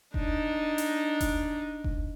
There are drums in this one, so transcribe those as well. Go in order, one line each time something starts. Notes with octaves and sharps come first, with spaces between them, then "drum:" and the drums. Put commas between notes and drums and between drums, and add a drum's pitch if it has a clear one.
D4 D#4, drum: kick F1
drum: hi-hat
drum: kick F1, hi-hat
drum: kick F1